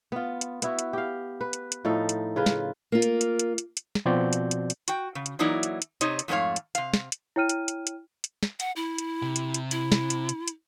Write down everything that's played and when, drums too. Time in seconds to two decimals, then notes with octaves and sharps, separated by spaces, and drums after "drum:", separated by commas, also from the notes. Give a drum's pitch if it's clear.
0.12 B3 F4
0.41 drum: hi-hat
0.62 B3 E4 F#4, drum: hi-hat
0.79 drum: hi-hat
0.93 G4 F5
1.41 B4
1.53 drum: hi-hat
1.72 drum: hi-hat
1.85 A2 F3 D#4 A4
2.09 drum: hi-hat
2.36 C#3 F4 B4
2.46 drum: snare
2.92 A#3 F4
3.02 drum: hi-hat
3.21 drum: hi-hat
3.39 drum: hi-hat
3.58 drum: hi-hat
3.77 drum: hi-hat
3.95 drum: snare
4.06 B2 F3 C4 F#4 D5 G6
4.33 drum: hi-hat
4.51 drum: hi-hat
4.70 drum: hi-hat
4.88 F#4 G5, drum: hi-hat
5.15 C#3
5.26 drum: hi-hat
5.39 E3 F#3 A#3 D#4 E4 D5
5.63 drum: hi-hat
5.82 drum: hi-hat
6.01 C3 D#4 C#5 D#5, drum: hi-hat
6.19 drum: hi-hat
6.28 F2 G#2 A3 C#4 C#5 F5
6.56 drum: hi-hat
6.75 C3 F5, drum: hi-hat
6.94 drum: snare
7.12 drum: hi-hat
7.36 E4 C#5 G5 F6 D#7
7.49 drum: hi-hat
7.68 drum: hi-hat
7.87 drum: hi-hat
8.24 drum: hi-hat
8.43 drum: snare
8.60 F#5, drum: hi-hat
8.76 E4
8.98 drum: hi-hat
9.22 C3
9.36 drum: hi-hat
9.54 drum: hi-hat
9.71 E4, drum: hi-hat
9.92 drum: snare
10.10 drum: hi-hat
10.29 drum: hi-hat
10.48 drum: hi-hat